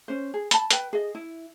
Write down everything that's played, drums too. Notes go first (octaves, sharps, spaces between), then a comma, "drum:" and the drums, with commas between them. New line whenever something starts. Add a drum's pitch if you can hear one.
C#4 C5
G#4
A5 B5, drum: hi-hat
B4 G5, drum: hi-hat
G#4 D#5
E4